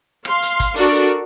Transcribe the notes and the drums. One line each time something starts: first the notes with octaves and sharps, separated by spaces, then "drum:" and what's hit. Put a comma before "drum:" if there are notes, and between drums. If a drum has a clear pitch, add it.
F5 C6, drum: rim click
drum: hi-hat
drum: kick, hi-hat
D4 F#4 A4 A#4 D5, drum: hi-hat
drum: hi-hat